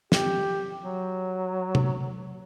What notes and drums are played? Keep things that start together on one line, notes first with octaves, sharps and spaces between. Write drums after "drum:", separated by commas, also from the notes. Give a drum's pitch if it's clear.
G4, drum: snare
F#3
drum: tom